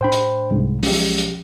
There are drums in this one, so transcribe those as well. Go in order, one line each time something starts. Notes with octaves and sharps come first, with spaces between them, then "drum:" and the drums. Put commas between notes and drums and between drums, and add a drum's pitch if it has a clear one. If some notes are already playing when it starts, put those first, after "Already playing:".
A2 D4 C5 G5 B5
drum: hi-hat
C2 G#2
B1 F3 G#3 C#4 G4, drum: open hi-hat
drum: hi-hat